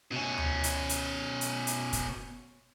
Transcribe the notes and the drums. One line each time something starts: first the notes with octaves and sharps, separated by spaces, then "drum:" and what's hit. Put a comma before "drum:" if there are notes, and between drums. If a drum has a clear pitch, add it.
B2 C#4
drum: tom D2
drum: hi-hat
drum: hi-hat
drum: hi-hat
drum: hi-hat
drum: kick, hi-hat